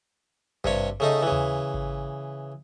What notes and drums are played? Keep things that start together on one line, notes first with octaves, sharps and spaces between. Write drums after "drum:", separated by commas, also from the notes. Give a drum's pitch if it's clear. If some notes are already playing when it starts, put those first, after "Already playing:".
G2 C3 C#5, drum: kick G#1
C#3 A3 D#4
C#3 E3
drum: tom D#2
drum: kick G#1